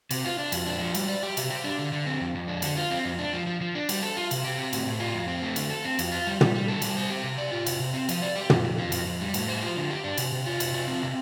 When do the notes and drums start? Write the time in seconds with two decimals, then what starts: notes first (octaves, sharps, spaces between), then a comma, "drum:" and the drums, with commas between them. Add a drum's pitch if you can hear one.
0.11 C3, drum: cymbal
0.25 F4
0.39 D4
0.52 F2, drum: cymbal
0.66 D4
0.80 F3
0.94 G3, drum: cymbal
1.08 D5
1.23 G4
1.37 C3, drum: cymbal
1.50 G4
1.64 D4
1.79 D3
1.92 D3
2.07 C4
2.21 F2
2.35 F2
2.48 D4
2.62 D3, drum: cymbal
2.77 F4
2.91 C4
3.05 F2
3.19 D4
3.33 F3
3.47 F3
3.61 F3
3.75 D4
3.89 G3, drum: cymbal
4.02 A4
4.17 F4
4.31 C3, drum: cymbal
4.44 G4
4.58 C4
4.73 A2, drum: cymbal
4.86 A2
5.00 F4
5.15 F2
5.28 C4
5.43 A3
5.56 D3, drum: cymbal
5.70 A4
5.84 C4
5.99 F2, drum: cymbal
6.12 F4
6.27 G3
6.41 G3, drum: tom
6.55 G3
6.68 A4
6.82 G3, drum: cymbal
6.97 C5
7.10 G4
7.24 C3
7.38 D5
7.52 F4
7.66 C3, drum: cymbal
7.80 C3
7.94 C4
8.09 F3, drum: cymbal
8.22 D5
8.36 G4
8.50 F2, drum: tom
8.64 F2
8.78 F3
8.92 F2, drum: cymbal
9.07 F2
9.21 G3
9.34 A2, drum: cymbal
9.48 C5
9.63 F4
9.76 D3
9.91 G4
10.04 D4
10.18 C3, drum: cymbal
10.32 C3
10.46 F4
10.60 C3, drum: cymbal
10.74 F4
10.88 C4
11.03 C3